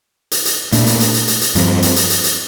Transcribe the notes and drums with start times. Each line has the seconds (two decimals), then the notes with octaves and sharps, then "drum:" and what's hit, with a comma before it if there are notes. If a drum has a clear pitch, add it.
0.31 drum: hi-hat
0.45 drum: hi-hat
0.72 A#2 A3 D4, drum: hi-hat
0.86 drum: hi-hat
1.00 drum: hi-hat
1.14 drum: hi-hat
1.28 drum: hi-hat
1.41 drum: hi-hat
1.55 G2 F3 C4, drum: hi-hat
1.82 drum: hi-hat
1.96 drum: hi-hat
2.10 drum: hi-hat
2.24 drum: hi-hat